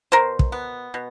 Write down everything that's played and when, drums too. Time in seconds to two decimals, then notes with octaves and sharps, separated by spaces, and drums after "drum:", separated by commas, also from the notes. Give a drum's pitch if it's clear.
0.12 B2 A#4 C5
0.39 drum: kick
0.52 B3
0.94 B2